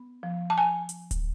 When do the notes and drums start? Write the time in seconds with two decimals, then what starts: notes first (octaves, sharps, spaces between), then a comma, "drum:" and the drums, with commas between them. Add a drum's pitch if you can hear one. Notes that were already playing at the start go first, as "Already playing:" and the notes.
Already playing: B3
0.23 F3
0.50 A5
0.58 G#5
0.89 drum: hi-hat
1.11 drum: kick D1, hi-hat